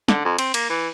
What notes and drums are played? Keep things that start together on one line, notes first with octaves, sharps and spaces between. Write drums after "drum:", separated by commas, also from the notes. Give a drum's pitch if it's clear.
D3, drum: snare
F2
C4, drum: cymbal
A#3, drum: cymbal
E3